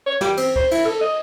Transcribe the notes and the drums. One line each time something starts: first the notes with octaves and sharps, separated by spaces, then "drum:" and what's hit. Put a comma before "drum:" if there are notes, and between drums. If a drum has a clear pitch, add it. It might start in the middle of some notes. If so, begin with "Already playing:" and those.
C#5
G3, drum: snare
C4, drum: cymbal
C5, drum: kick C#2
E4, drum: cymbal
A4
D#5